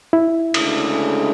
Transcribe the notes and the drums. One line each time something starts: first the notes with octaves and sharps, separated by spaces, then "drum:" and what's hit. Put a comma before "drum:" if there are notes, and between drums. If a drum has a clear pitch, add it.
E4
D2 C#3 G#3 D4 A4, drum: cymbal